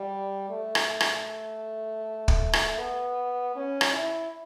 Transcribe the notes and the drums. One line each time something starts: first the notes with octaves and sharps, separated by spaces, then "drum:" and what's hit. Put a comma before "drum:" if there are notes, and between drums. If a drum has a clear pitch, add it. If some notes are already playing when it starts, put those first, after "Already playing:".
Already playing: G3
A3
drum: rim click
drum: rim click
drum: kick
drum: rim click
B3
C#4
drum: rim click
E4